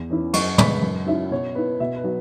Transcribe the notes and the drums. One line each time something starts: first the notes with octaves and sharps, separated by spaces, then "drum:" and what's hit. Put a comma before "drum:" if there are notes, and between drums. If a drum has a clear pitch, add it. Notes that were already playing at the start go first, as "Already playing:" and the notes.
Already playing: E2
E3 C#4 E4
F#2 C#6, drum: cymbal
C#3 G#3 B3 B5, drum: tom
F#2
F#3 C#4 E4 E5
B2 C#5
B3 E4 B4
B2 E5
B4
F#3 B3